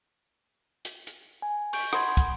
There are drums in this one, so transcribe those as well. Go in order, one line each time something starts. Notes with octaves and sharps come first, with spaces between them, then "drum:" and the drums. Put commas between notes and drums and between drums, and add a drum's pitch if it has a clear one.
drum: hi-hat
drum: hi-hat
G#5
C#6 G6 D7, drum: open hi-hat
F#5 B5 C6 G6 G#6, drum: rim click
drum: kick, hi-hat